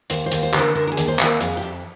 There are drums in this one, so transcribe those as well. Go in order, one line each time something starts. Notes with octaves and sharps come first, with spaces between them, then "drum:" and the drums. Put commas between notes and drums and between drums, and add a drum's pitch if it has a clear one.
D#2 C5, drum: hi-hat
C5
D#2, drum: hi-hat
C5
D3, drum: clap
A#4
D3 A#4
A#4
G#4
D#2, drum: hi-hat
C5
D#2 A#4, drum: clap
F2 G#4, drum: hi-hat
G4
F2